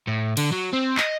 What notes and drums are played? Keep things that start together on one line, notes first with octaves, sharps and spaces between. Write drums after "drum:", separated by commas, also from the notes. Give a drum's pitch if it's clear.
A2
D3, drum: cymbal
F#3
C4
D#5, drum: clap